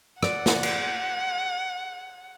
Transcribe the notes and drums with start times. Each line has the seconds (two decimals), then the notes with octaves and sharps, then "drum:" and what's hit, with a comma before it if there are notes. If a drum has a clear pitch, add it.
0.23 D5 F#5, drum: rim click
0.46 drum: snare
0.63 drum: cymbal